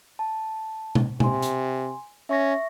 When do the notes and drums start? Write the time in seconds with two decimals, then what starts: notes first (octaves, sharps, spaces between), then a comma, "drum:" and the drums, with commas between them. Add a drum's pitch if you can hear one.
0.19 A5
0.95 drum: tom B2
1.20 C3 G#5 C6, drum: tom B2
1.42 drum: hi-hat
2.29 C#4 E5 C#6 A#6